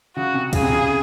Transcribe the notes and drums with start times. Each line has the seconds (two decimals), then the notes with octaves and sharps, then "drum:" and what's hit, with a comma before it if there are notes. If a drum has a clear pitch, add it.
0.16 C#3 F#4
0.34 C3
0.53 C#3 G#4, drum: kick, cymbal
0.63 C3
0.73 C#3